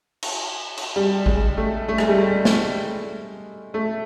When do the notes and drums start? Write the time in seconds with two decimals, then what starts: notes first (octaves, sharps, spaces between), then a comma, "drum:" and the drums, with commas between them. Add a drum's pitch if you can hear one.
0.23 drum: cymbal
0.77 drum: cymbal
0.96 G3
1.26 G#3, drum: kick A1
1.57 A3
1.89 A3
1.98 G#3, drum: rim click
2.08 G3
2.19 G#3
2.45 drum: snare
3.74 A3